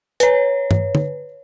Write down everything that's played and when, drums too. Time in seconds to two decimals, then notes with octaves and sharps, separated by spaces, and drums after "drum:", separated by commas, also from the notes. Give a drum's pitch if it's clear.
0.20 B4 C#5, drum: hi-hat
0.71 drum: tom G2
0.95 drum: tom